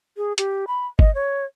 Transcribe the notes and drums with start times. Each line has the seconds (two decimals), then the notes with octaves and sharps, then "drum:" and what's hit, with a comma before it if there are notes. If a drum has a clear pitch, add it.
0.17 G#4
0.38 G4, drum: hi-hat
0.67 B5
0.99 D#5, drum: kick G1
1.15 C#5